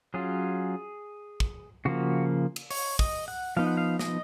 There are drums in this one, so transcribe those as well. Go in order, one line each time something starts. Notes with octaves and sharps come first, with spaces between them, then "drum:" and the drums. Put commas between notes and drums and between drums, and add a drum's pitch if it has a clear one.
F#3 C#4 F4 G#4
drum: kick
C#3 F3 A#3 F#4
drum: cymbal
C#5, drum: open hi-hat
D#5, drum: kick
F#5
F3 B3 D#4 F5
F#5
F5
D#5, drum: snare